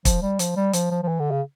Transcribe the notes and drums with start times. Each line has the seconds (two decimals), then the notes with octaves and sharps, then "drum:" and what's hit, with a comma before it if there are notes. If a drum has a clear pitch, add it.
0.05 F3, drum: kick, hi-hat
0.22 G3
0.39 F3, drum: hi-hat
0.56 G3
0.73 F3, drum: hi-hat
0.91 F3
1.03 F3
1.08 E3
1.19 D3
1.31 C#3